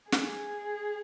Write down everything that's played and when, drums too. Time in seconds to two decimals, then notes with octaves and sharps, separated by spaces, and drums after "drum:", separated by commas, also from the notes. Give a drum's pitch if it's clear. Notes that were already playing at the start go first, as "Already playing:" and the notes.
0.12 G#4, drum: snare